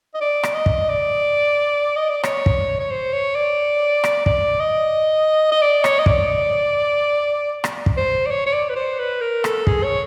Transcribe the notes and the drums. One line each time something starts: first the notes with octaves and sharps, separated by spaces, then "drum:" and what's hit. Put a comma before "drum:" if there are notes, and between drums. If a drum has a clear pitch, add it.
D#5
D5
drum: rim click
D#5
drum: kick
D5
D#5
D5
C#5, drum: rim click
drum: kick
C#5
C5
C#5
D5
drum: rim click
D5, drum: kick
D#5
D#5
D5
C#5, drum: rim click
D#5
D5, drum: kick
drum: rim click
drum: kick
C5
D5
C#5
C#5
D5
B4
C5
B4
A#4
A4, drum: rim click
G#4, drum: kick
C#5